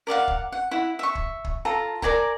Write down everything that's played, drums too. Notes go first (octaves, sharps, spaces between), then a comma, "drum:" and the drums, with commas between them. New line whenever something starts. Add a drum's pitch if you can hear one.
A#4 D5 F5 F#5
drum: kick
F#5
E4 F#5
E5 C#6
drum: kick
drum: kick
F4 A4 A#5
A#4 D5 G#5 A#5, drum: kick